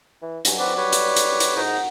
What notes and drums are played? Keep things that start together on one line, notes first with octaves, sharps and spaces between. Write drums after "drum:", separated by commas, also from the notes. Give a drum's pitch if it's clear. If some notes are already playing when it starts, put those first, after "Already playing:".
E3
G2 F#3 G#5 C#6, drum: hi-hat
C4 F#4 B4 D5
G3 B4 C#5
drum: hi-hat
drum: hi-hat
drum: hi-hat
G#2 D#4 F#4 A#4